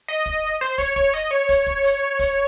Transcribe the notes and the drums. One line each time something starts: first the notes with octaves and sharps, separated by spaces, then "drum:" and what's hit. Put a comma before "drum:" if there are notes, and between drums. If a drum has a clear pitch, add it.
D#5
drum: kick
C5
C#5, drum: kick, hi-hat
C#5, drum: kick
D#5, drum: hi-hat
C#5
drum: kick, hi-hat
drum: kick
drum: hi-hat
drum: kick, hi-hat